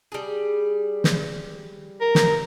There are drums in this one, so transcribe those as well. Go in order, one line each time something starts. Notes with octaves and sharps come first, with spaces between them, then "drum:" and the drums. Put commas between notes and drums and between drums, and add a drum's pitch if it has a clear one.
G3 G#4
drum: snare
A#4
drum: snare